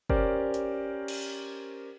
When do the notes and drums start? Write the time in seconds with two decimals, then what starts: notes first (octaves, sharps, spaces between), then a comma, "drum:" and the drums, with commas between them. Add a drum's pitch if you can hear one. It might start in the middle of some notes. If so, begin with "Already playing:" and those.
0.10 C#4 G4 A#4 C5 D5, drum: kick
0.54 drum: hi-hat
1.08 drum: cymbal